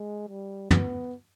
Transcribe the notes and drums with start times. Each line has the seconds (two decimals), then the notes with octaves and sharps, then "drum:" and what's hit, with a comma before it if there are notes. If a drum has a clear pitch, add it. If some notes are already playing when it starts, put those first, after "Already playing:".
Already playing: G#3
0.29 G3
0.71 B3, drum: tom